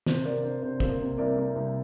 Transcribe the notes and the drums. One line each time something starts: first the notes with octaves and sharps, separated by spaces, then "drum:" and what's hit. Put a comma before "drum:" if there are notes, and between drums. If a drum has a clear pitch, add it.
C3 C5, drum: snare
C3 A#4 D5
D4 C5
C3 C5
A#3 C5, drum: kick
C3
C2 A#4 D5
C2
C2